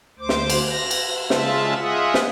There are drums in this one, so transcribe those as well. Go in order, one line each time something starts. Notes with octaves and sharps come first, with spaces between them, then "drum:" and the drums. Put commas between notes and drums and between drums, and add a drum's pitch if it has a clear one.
D2 C5 D6
drum: snare
drum: cymbal
A#6
drum: cymbal
C#3 G#3 F4 E5 A5, drum: snare
F4 G#4 D#5 E5 F#5
drum: snare